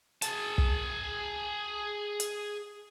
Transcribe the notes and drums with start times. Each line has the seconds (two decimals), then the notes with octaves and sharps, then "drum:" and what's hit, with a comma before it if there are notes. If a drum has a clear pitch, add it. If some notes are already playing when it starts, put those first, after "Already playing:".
0.22 G#4 A5, drum: hi-hat
0.58 drum: kick
2.20 drum: hi-hat